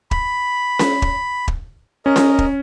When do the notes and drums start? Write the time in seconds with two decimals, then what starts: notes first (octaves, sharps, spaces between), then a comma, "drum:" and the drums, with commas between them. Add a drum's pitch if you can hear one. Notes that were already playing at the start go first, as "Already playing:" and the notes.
0.11 B5, drum: kick
0.79 drum: snare C#4
1.02 drum: kick
1.48 drum: kick
2.06 C#4 A#4 D#5
2.16 drum: snare C#4
2.39 drum: kick